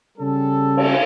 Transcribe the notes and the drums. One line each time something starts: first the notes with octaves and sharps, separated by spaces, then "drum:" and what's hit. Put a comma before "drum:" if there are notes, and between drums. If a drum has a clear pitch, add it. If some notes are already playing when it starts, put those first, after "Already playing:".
C#3 G3 C#4 A4
drum: cymbal